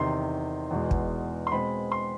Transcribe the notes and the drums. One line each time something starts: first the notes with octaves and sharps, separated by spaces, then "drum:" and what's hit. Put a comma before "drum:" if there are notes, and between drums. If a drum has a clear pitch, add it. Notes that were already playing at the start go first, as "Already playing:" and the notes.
Already playing: E2 C3 D#3 C6
E2 B2 G#3
drum: kick
C6
B2 G#3 C4 B5
C6